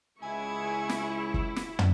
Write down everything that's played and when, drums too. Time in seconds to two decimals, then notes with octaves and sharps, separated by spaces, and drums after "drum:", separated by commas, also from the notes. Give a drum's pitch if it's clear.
0.22 C#2 G#3 E4 G#4 G#5 C#6
0.89 drum: snare
1.34 drum: kick
1.56 drum: snare
1.79 drum: tom